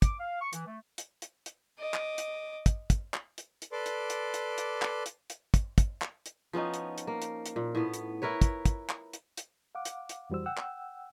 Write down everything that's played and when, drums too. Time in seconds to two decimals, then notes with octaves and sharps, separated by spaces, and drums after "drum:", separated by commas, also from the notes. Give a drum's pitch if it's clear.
0.02 D6, drum: kick, hi-hat
0.20 F5
0.41 C#6
0.53 E3, drum: hi-hat
0.66 A3
0.98 drum: hi-hat
1.22 drum: hi-hat
1.46 drum: hi-hat
1.79 D#5 D6
1.94 drum: clap
2.18 drum: hi-hat
2.66 drum: kick, hi-hat
2.90 drum: kick, hi-hat
3.14 drum: clap
3.38 drum: hi-hat
3.62 drum: hi-hat
3.72 A4 B4 D5 C6 D6
3.86 drum: hi-hat
4.10 drum: hi-hat
4.34 drum: hi-hat
4.58 drum: hi-hat
4.82 drum: clap
5.06 drum: hi-hat
5.30 drum: hi-hat
5.54 drum: kick, hi-hat
5.78 drum: kick, hi-hat
6.02 drum: clap
6.26 drum: hi-hat
6.53 F3 B3 C#4 D#4
6.74 drum: hi-hat
6.98 drum: hi-hat
7.07 A#3
7.22 drum: hi-hat
7.46 drum: hi-hat
7.56 A#2
7.75 A2 B3
7.94 drum: hi-hat
8.22 E4 A#4 B4 C#5
8.42 drum: kick, hi-hat
8.65 drum: kick, hi-hat
8.89 drum: clap
9.13 drum: hi-hat
9.37 drum: hi-hat
9.75 F5 F#5 D6
9.85 drum: hi-hat
10.09 drum: hi-hat
10.30 F2 E3 G3 F#4 C5 E6
10.46 F#5 G5 E6
10.57 drum: clap